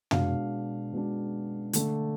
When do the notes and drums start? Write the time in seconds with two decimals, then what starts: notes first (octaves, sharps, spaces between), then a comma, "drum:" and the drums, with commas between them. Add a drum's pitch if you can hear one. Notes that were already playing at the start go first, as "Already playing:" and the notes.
0.11 B2 G#3 D4 F5, drum: tom
0.93 B2 G#3 D4
1.73 D3 A3 D4, drum: hi-hat